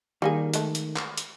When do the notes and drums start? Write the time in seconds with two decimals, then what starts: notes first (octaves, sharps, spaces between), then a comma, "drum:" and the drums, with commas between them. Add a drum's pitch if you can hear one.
0.22 D#3 G3 A#3 G#4
0.54 G#3 A3, drum: hi-hat
0.75 drum: hi-hat
0.96 drum: clap
1.18 drum: hi-hat